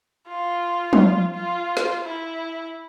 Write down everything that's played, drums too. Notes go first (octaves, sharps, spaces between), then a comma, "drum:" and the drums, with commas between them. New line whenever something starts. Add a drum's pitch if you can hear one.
F4
drum: tom F3
F4
drum: snare
E4